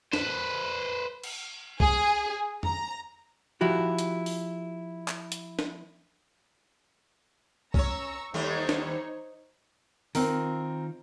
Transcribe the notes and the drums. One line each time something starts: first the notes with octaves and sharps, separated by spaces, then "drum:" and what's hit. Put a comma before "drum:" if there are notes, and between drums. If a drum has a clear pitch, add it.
B4 C5, drum: snare
drum: cymbal
G#4, drum: kick B1
A#5, drum: tom F2
F3 E4 F#4 G4
drum: hi-hat
drum: open hi-hat
drum: clap
drum: hi-hat
drum: snare
C#4 C#5 A#5 C#6 E6, drum: kick B1
D#2 G3 A3 D#4 C5 C#5
drum: snare
D#3 C4 D#4 F4 A#4, drum: open hi-hat